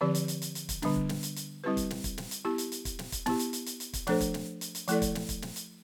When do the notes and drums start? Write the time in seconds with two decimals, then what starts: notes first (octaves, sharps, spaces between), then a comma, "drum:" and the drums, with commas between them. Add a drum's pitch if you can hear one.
0.01 D3 F3 C4 G4 D5
0.15 drum: hi-hat
0.28 drum: hi-hat
0.42 drum: hi-hat
0.55 drum: hi-hat
0.69 drum: kick, hi-hat
0.82 D3 G3 B3 D4, drum: snare
0.96 drum: kick
1.09 drum: snare
1.23 drum: hi-hat
1.36 drum: hi-hat
1.64 G3 C4 E4 G4 B4
1.77 drum: kick, hi-hat
1.90 drum: snare
2.04 drum: kick, hi-hat
2.18 drum: snare
2.31 drum: hi-hat
2.45 B3 E4 G4
2.58 drum: hi-hat
2.72 drum: hi-hat
2.85 drum: kick, hi-hat
2.99 drum: snare
3.12 drum: kick, hi-hat
3.26 B3 E4 G4, drum: snare
3.39 drum: hi-hat
3.53 drum: hi-hat
3.66 drum: hi-hat
3.80 drum: hi-hat
3.93 drum: kick, hi-hat
4.07 F3 A3 D4 A4 C5, drum: snare
4.21 drum: kick, hi-hat
4.34 drum: snare
4.61 drum: hi-hat
4.75 drum: hi-hat
4.88 F3 A3 E4 A4 D5, drum: hi-hat
5.02 drum: kick, hi-hat
5.15 drum: snare
5.29 drum: kick, hi-hat
5.42 drum: snare
5.56 drum: hi-hat